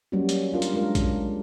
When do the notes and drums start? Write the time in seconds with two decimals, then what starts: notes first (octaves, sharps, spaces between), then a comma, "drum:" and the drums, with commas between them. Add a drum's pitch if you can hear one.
0.12 F#3 G3 A#3 C#4 F#4
0.29 drum: hi-hat
0.53 D4 F4 A#4
0.62 drum: hi-hat
0.73 G#3 D4 F4 A#4
0.95 drum: kick, hi-hat